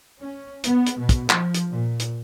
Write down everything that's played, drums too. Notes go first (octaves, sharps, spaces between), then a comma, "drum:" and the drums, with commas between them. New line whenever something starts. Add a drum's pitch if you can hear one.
C#4
B3, drum: hi-hat
drum: hi-hat
B2
drum: kick, hi-hat
F3, drum: clap
drum: hi-hat
A#2
drum: hi-hat